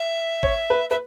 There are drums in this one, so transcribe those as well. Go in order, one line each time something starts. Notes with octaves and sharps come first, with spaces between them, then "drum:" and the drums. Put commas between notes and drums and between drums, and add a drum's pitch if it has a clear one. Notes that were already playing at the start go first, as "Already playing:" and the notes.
Already playing: E5
C#5, drum: kick
B4
B4 E5